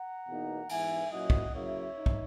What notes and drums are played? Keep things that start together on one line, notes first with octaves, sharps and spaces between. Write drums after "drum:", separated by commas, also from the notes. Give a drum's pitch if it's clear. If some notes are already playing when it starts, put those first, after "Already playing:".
Already playing: F#5 A#5
E2 B2 A#3 D#4
G#2 E3 B3 E5 G#5, drum: cymbal
A#2 F#3 C#4 E4 D#5 F#5
drum: kick
C#3 F#3 A#3 E4 C#5 E5
D#4
drum: kick